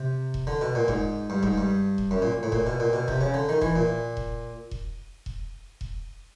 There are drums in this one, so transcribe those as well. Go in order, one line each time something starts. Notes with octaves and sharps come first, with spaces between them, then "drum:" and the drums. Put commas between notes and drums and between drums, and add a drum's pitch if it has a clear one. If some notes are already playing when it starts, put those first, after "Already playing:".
Already playing: C3
drum: kick E1
D3
B2
A#2
G#2, drum: kick E1
G2
G#2, drum: kick E1
G2
drum: kick E1
F#2
A#2
A2
A#2, drum: kick E1
B2
A#2
B2
C3, drum: kick E1
C#3
D3
D#3
E3, drum: kick E1
A#2
drum: kick E1
drum: kick E1
drum: kick E1
drum: kick E1